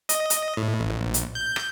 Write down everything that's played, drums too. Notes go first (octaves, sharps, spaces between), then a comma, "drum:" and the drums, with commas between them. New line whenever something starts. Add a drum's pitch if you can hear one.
D#5, drum: hi-hat
drum: hi-hat
A2
A1
A#1
drum: hi-hat
G6
drum: rim click